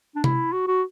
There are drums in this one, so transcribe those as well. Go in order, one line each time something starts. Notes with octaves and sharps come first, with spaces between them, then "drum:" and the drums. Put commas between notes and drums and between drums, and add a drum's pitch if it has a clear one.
D4
E4, drum: tom C3
F#4
F#4